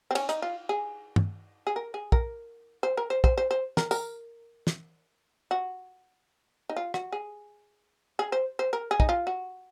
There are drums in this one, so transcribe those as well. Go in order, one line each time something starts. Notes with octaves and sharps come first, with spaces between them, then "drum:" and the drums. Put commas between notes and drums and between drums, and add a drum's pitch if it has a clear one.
C4
C#4, drum: cymbal
D#4, drum: hi-hat
F4
G#4
drum: tom
G#4
A#4
G#4
A#4, drum: kick
C5
A#4
C5
C5, drum: kick
C5
C5
A#4, drum: snare
A#4, drum: tambourine
drum: snare
F#4
D#4
F4
F#4, drum: rim click
G#4
G#4
C5
C5
A#4
G#4
D#4, drum: kick
F4
F#4